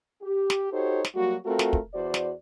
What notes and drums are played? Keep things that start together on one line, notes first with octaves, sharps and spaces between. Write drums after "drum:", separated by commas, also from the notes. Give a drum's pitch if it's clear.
G4
drum: snare
D#4 F#4 G4 A4 C5 C#5
drum: snare
F#3 G3 A#3 F#4
A3 C4 F4 F#4 A4 A#4
drum: snare
drum: kick
E2 F#4 C5 D5
drum: snare